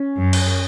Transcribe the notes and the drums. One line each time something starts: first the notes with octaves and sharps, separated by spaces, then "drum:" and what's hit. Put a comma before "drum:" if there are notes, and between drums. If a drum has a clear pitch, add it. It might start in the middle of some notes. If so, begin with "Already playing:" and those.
Already playing: C#4
F#2
drum: cymbal